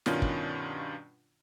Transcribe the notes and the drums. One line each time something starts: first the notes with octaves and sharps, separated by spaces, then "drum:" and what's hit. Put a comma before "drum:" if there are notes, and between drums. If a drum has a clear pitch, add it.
G2 B2 D#3 C#4 D4 F4, drum: snare
drum: kick